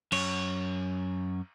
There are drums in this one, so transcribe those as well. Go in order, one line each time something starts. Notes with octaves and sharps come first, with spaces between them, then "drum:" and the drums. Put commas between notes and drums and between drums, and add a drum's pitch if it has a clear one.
F#2 C#5, drum: cymbal